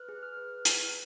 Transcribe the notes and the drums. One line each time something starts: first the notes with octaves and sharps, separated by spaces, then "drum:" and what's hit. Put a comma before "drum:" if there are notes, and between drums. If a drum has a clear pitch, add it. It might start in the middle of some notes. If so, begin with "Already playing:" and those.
Already playing: B4 F6 F#6
G#4
F6
B4
drum: hi-hat